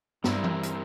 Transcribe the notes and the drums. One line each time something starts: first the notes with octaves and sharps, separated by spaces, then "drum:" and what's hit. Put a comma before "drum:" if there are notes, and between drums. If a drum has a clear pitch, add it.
G2 G3 C4 E4 A#4, drum: snare
drum: tom E3
drum: hi-hat